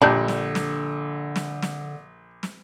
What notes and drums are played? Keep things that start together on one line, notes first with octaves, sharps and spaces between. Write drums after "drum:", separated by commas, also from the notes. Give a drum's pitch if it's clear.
A#1 D3 G3 D4 G6
drum: snare
drum: snare
drum: snare
drum: snare
drum: snare